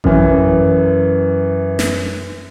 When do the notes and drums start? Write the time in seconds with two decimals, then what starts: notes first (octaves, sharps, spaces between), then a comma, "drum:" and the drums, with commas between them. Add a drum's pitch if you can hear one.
0.04 F#2 E3, drum: kick A1
1.79 drum: snare